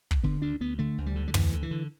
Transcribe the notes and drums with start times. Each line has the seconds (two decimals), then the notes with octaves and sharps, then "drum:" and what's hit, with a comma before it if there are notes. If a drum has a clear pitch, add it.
0.11 drum: kick
0.23 D3 B3
0.42 D2 D4
0.60 D2 B3
0.79 D3 A3
0.98 D2
1.06 G3
1.16 D3
1.28 G3
1.34 D2 E3, drum: tom
1.53 D3
1.62 E3
1.71 D3